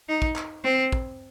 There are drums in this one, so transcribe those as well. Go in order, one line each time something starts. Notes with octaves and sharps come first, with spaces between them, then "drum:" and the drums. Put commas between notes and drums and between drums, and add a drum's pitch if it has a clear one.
D#4
drum: kick
drum: clap
C4
drum: kick